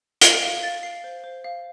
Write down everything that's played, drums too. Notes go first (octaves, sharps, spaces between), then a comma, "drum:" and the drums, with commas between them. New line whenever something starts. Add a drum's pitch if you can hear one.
F5 F7, drum: hi-hat
F5 D7
F5 A6
F5 C7
C5
C5
F5